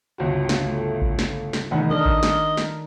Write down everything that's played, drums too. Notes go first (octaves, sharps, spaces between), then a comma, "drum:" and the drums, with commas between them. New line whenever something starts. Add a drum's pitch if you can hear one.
G1 C#2 F#4
drum: snare
A3
drum: kick A1
drum: snare
drum: snare
F1 E2 D#3 D#4 F#5
D4 A#4 D#5
drum: kick A1
drum: snare
drum: snare